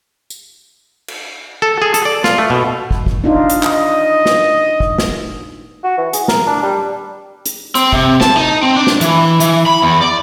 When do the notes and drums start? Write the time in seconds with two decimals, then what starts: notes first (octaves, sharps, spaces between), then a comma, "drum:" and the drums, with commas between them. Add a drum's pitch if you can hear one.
0.30 drum: tambourine
1.08 drum: cymbal
1.62 A4
1.82 G#4
1.94 A4, drum: hi-hat
2.05 D5
2.24 F4, drum: snare
2.38 A3
2.50 B2
2.91 drum: kick
3.06 drum: kick
3.24 D4 D#4 F4
3.50 drum: hi-hat
3.63 D#5, drum: clap
4.26 drum: snare
4.80 drum: kick
4.98 drum: snare
5.84 F#4
5.98 E3
6.13 G#4, drum: hi-hat
6.28 A#4, drum: snare
6.47 D4
6.63 G3
7.46 drum: hi-hat
7.75 C4, drum: hi-hat
7.93 C3, drum: kick
8.21 A5, drum: snare
8.37 D#4
8.63 C4
8.76 D4
8.87 drum: snare
9.01 E3, drum: hi-hat
9.40 E3, drum: hi-hat
9.66 B5
9.82 E2
10.02 D5